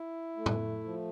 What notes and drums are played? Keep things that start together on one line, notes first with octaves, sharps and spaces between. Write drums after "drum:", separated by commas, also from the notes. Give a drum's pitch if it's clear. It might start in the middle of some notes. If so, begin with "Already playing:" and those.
Already playing: E4
A3
drum: tom A2
F3